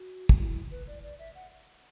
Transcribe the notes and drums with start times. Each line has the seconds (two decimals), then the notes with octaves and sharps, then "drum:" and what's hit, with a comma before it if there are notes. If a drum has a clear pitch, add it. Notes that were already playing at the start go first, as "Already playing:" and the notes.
Already playing: F#4
0.29 drum: kick
0.39 E4
0.71 B4
0.87 D5
1.04 D5
1.19 E5
1.35 F#5